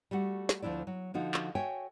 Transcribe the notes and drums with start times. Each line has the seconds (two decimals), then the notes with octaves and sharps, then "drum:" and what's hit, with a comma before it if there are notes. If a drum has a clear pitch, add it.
0.11 G3 A3 F#4 F#5
0.49 drum: snare
0.62 D2 F3 D4 E4 D5
0.87 F#3
1.14 D3 F3 D#4 F#4
1.34 drum: clap
1.55 F#4 C#5 E5 G5 G#5